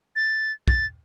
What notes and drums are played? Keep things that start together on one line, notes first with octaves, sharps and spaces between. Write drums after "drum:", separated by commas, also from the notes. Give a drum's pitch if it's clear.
A6
A6, drum: kick